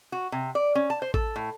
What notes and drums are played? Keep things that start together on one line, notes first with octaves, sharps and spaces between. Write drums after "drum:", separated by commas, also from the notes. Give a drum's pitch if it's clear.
F#4
C3
D5
C#4
A5
C5
A4, drum: kick A1
A2